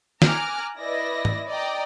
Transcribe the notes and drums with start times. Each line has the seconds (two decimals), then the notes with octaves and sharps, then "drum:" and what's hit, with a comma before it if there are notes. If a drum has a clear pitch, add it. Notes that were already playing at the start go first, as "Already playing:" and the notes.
0.22 G#5 A#5 D6 F6 F#6, drum: snare
0.76 E4 B4 D5 D#5 A#6
1.25 drum: tom G#2
1.48 D5 D#5 G5 A#5 D6